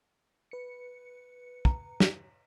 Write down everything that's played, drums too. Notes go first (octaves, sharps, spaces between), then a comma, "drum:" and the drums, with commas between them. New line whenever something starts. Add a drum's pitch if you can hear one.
B4 C#7
A#5, drum: kick
drum: snare